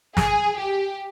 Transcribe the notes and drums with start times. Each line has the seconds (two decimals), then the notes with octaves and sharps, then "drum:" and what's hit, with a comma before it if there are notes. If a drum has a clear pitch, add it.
0.17 G#4, drum: snare
0.58 G4